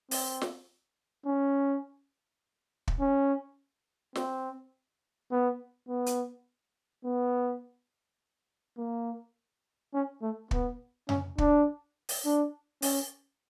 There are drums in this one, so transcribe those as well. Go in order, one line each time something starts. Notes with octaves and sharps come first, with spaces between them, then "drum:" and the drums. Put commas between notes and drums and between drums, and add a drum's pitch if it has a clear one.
C4, drum: open hi-hat
drum: snare
C#4
drum: kick
C#4
C4, drum: snare
B3
B3
drum: hi-hat
B3
A#3
C#4
A3
B3, drum: kick
C#4, drum: tom F#2
D4, drum: kick
drum: open hi-hat
D4
C#4, drum: open hi-hat